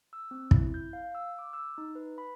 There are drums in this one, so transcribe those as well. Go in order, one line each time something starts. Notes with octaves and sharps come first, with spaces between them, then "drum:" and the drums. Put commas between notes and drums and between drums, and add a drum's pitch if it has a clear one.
E6
C4
E4, drum: kick
G6
F5
E6
D6
E6
D#4
B4
B5